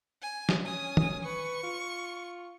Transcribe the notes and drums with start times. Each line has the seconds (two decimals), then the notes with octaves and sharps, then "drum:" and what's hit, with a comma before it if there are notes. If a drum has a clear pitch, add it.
0.22 G#5
0.49 drum: snare
0.66 C#4 G#5 D#6
0.97 drum: tom
1.25 B4 C#6
1.63 F4